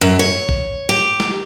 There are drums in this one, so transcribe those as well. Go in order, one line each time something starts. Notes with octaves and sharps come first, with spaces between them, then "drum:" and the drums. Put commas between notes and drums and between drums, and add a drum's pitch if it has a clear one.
F#2
C#5
drum: kick
G4
drum: snare